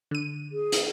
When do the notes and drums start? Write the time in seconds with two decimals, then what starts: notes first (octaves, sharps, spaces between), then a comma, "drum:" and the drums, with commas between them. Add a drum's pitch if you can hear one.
0.11 D3 D#7
0.52 G#4
0.72 drum: hi-hat